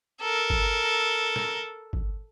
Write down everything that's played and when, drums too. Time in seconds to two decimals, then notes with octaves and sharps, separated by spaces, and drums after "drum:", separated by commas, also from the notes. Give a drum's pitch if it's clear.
0.21 A4 A#4
0.50 drum: kick
1.36 drum: snare
1.93 drum: kick